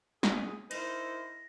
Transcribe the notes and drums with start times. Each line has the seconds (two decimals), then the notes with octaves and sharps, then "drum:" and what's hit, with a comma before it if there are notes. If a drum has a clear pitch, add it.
0.23 G#4, drum: snare
0.71 D#4 E4 A#4 C5 A#6, drum: cymbal